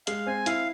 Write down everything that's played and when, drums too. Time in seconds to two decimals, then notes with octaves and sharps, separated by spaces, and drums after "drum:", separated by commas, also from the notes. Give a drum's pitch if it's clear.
0.07 G#3 F5, drum: hi-hat
0.27 C4 G#5
0.46 E4 F5, drum: hi-hat